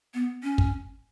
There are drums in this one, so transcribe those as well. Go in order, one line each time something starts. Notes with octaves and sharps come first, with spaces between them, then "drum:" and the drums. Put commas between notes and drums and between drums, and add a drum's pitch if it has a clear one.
B3
C#4
drum: kick